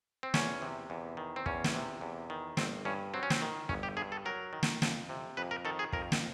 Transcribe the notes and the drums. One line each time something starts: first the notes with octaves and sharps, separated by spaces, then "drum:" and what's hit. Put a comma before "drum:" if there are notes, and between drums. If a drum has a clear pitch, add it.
C4
E2 C#4, drum: snare
C3
E2
D#3
C4
E2 C#4, drum: kick
drum: snare
C3
E2
D#3
G1 C4, drum: snare
G2 C#4
F#3 C4
C#4
C4, drum: snare
D#3
G1 C#4, drum: kick
G4
G2 G#4
A4
F#3 A#4
D#3
drum: snare
F2, drum: snare
C3
F2 B4
A#4
D#3 A4
G#4
F2 A#4, drum: kick
drum: snare